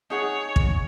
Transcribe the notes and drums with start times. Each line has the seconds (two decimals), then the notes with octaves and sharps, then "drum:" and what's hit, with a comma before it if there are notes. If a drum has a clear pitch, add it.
0.10 D#4 G#4 C#5 F#5
0.56 drum: kick